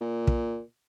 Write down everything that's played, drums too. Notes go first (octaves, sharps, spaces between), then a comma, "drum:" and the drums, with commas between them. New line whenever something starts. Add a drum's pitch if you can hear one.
A#2
drum: kick